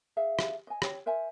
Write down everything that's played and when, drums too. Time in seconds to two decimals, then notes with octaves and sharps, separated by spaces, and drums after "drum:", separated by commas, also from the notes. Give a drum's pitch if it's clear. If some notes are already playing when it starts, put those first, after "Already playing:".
0.17 G#4 E5 F5
0.39 drum: rim click
0.67 D#5 G#5
0.82 C#5 G5, drum: rim click
1.06 A#4 C5 E5 G#5